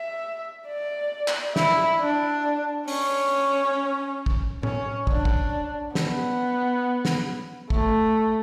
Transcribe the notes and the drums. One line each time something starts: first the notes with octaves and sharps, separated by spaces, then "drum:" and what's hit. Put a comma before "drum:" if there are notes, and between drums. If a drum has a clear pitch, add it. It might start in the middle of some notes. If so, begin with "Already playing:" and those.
Already playing: E5
D5
drum: clap
E4, drum: snare
D4
C#4, drum: open hi-hat
drum: kick
C#4, drum: tom A2
D4, drum: kick
drum: kick
B3, drum: snare
drum: snare
A3, drum: kick